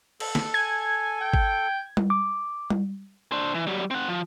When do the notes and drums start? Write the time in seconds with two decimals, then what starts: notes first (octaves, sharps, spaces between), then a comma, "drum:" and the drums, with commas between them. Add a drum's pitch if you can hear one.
0.20 A4, drum: cymbal
0.35 drum: snare
0.54 G#5 G#6
1.21 G5
1.34 drum: kick G#1
1.97 drum: tom G3
2.10 D6
2.70 drum: tom G3
3.32 D4 C5
3.54 E3
3.67 F#3 G3
3.91 C4 F#5
4.08 F3